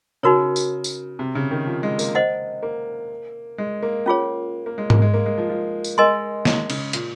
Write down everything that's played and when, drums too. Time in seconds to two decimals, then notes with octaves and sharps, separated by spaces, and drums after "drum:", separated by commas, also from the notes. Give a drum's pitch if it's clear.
0.23 C#3 D#4 F#4 A#4 C#5
0.56 drum: tambourine
0.84 drum: tambourine
1.19 C3
1.35 C#3
1.51 D#3
1.67 F3
1.83 G#3
1.99 A#3, drum: tambourine
2.15 C5 D#5 F#5
2.63 A#3
3.58 G#3
3.83 A#3
4.06 C#4 F4 G#4 C#5
4.66 A#3
4.78 G#3
4.90 A#3, drum: tom G#2
5.02 G#3
5.14 A#3
5.26 G#3
5.38 F3
5.50 F3
5.84 drum: tambourine
5.97 G#3 A#4 D#5 G#5 C6
6.45 G#3, drum: snare
6.70 C#3, drum: cymbal
6.93 A#2, drum: hi-hat